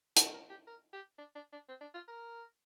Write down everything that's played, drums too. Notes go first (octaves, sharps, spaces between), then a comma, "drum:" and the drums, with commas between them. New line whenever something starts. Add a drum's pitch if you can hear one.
A#4, drum: hi-hat
A#4
G4
A#4
G4
D4
D4
D4
C4
D4
F4
A#4